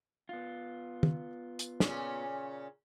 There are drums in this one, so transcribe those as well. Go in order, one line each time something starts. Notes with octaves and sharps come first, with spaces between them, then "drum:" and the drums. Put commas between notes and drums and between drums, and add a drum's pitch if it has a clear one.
B3 F4
drum: tom
drum: hi-hat
A#2 C#3 C#4, drum: snare